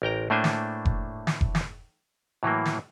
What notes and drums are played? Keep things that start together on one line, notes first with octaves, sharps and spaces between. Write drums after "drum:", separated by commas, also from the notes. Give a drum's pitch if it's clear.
A1 A#4 G5 A#5
A2 A3 A#3 D4 C5 G#5
drum: snare
drum: kick F1
drum: snare
drum: kick F1
drum: snare
A2 E3 F#3 A#3
drum: snare